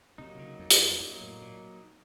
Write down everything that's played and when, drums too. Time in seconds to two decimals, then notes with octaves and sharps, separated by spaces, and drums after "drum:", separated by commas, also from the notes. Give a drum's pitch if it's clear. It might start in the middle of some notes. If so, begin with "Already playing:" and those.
0.18 C3 F#3 A#3 D#4
0.39 C#3
0.59 F2
0.71 F#2, drum: hi-hat
0.79 F2
1.00 F#2 F#3 A#3 D#4
1.21 A2
1.42 A#2